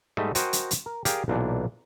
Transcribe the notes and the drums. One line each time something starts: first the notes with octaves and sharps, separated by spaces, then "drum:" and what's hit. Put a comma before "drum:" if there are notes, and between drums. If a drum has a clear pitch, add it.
G#2 G3 A3 D#5 E5
F#4 A#4 C5 D#5 G5 G#5, drum: hi-hat
drum: hi-hat
drum: hi-hat
A#4
G4 G#4 A#4 D5 F5 G5, drum: hi-hat
B1 A#2 E3 D4